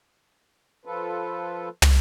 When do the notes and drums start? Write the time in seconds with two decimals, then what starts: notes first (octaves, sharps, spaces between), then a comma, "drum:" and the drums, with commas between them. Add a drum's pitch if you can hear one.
0.85 F3 F4 A4 B4
1.82 drum: tom